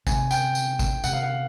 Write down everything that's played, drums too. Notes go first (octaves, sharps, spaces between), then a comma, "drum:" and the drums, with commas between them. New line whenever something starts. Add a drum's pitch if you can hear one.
C3 G#5, drum: kick G#1, tambourine
G5, drum: tambourine
drum: tambourine
drum: kick G#1, tambourine
C3 F#5, drum: tambourine
F5
F#5